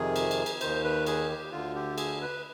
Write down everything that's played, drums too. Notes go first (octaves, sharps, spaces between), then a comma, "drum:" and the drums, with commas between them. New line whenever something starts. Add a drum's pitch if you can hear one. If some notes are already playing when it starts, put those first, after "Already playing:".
Already playing: F2 C3 D#3 G#4
drum: cymbal
drum: cymbal
drum: cymbal
D#2 D#3 C5, drum: cymbal
B4
G#4, drum: cymbal
G4
D2 D3 F4
G4
G#4, drum: cymbal
B4